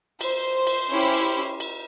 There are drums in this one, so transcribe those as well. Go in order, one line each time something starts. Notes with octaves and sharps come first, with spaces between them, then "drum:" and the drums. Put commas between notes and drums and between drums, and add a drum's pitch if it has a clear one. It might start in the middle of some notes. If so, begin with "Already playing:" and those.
C5, drum: cymbal
drum: cymbal
C#4 E4 G4
drum: cymbal
drum: cymbal